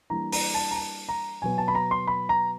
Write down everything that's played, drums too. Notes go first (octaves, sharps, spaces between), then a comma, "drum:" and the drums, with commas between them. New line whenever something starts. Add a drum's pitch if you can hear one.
E3 G3 A#3 D4 A#5
A#5, drum: open hi-hat
A5
A#5
A5
A#5
B2 F#3 B3 G#5
A5
B5
A#5
C6
B5
A#5